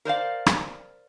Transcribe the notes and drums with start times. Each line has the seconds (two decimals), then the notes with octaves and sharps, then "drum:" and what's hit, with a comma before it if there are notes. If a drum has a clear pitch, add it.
0.05 A#4 C5 D5 F5
0.46 drum: rim click